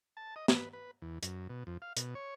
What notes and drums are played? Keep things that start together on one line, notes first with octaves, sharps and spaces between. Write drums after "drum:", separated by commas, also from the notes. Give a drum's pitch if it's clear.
A5
D#5
B4, drum: snare
B4
E2
F#2, drum: hi-hat
B2
F2
F5
B2, drum: hi-hat
C#5